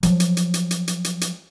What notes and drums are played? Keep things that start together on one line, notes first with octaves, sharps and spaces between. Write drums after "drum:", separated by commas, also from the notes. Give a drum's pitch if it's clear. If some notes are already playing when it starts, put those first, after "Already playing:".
F3 F#3, drum: hi-hat
drum: hi-hat
drum: hi-hat
drum: hi-hat
drum: hi-hat
drum: hi-hat
drum: hi-hat
drum: hi-hat